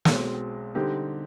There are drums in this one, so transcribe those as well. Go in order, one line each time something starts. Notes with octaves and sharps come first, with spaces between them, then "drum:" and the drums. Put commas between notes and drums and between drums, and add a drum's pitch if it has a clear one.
B1 B2 G#3 C4, drum: snare
D3 G3 C4 D#4 G4